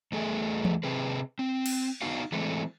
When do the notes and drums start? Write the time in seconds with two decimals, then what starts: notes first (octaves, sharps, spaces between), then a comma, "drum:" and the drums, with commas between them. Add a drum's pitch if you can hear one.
0.12 E2 A3 G#4 A4 G#5
0.65 drum: tom E3
0.83 C3 C4 G#4 B4
1.39 C4
1.66 drum: cymbal
2.02 B3 D#4 F#4 F5
2.32 E3 G#3 A3 C4